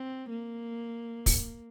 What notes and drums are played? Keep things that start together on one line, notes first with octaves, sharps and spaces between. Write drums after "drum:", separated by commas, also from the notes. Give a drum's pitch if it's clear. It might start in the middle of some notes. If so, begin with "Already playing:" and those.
Already playing: C4
A#3
drum: kick, open hi-hat